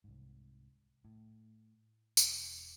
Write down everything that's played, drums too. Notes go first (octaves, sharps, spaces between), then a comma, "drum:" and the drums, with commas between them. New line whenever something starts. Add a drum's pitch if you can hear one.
C2 G#2
A2
E1, drum: tambourine